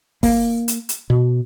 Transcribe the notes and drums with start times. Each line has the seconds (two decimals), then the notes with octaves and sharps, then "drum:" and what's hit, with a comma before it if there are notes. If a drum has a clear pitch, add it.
0.23 A#3, drum: kick, open hi-hat
0.68 drum: hi-hat
0.89 drum: hi-hat
1.10 B2